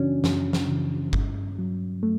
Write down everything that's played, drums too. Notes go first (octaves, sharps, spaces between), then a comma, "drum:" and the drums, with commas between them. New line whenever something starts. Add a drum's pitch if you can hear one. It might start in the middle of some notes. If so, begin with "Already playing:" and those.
Already playing: F#2 C#3 E3 C#4 D4 F#4
F#2, drum: snare
drum: snare
C#3 E3
G2, drum: kick G1
F#3
A3